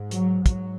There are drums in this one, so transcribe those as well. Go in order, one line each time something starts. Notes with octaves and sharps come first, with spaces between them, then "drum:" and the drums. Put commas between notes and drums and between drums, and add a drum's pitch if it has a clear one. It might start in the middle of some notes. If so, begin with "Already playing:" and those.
Already playing: G#2
F#3, drum: hi-hat
G#2 F#3, drum: kick, hi-hat